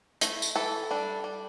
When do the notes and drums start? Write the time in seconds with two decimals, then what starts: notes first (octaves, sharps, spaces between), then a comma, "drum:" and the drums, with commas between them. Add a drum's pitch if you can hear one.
0.21 A3 E4, drum: hi-hat
0.42 drum: tambourine
0.56 E3 A4
0.91 G3 D4
1.24 G3